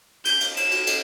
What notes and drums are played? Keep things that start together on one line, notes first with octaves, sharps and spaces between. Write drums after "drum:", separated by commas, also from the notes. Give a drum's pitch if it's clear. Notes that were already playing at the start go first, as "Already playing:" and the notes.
G6, drum: cymbal
drum: cymbal
E7, drum: cymbal
drum: cymbal
drum: cymbal